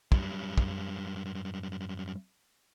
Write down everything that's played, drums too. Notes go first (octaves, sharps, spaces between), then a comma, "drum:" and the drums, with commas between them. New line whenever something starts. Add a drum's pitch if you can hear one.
F#2 G3, drum: kick
drum: kick